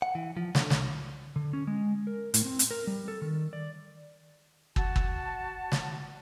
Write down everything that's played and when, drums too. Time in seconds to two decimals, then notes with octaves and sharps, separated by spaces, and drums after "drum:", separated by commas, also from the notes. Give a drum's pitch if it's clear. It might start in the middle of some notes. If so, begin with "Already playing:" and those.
0.02 F#5
0.15 E3
0.37 F3
0.55 D3, drum: snare
0.70 C2, drum: snare
1.36 D3
1.53 C#4
1.67 G#3
2.07 A#4
2.34 A2, drum: hi-hat
2.45 C4
2.59 drum: hi-hat
2.71 A#4
2.87 G3
3.08 A4
3.22 D#3
3.53 D5
4.76 F#4 A5, drum: kick
4.96 drum: kick
5.72 drum: snare